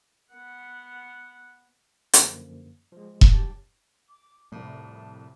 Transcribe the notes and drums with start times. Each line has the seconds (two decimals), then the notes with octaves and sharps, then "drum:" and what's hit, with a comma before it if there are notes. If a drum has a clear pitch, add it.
0.33 B3 F#5
2.13 F#2 D3 F3 A#3, drum: hi-hat
2.92 F3 G#3
3.21 drum: kick E1
3.32 G2 F#3 G4 G5 A5 A6
4.09 D6
4.52 C2 F2 A2 A5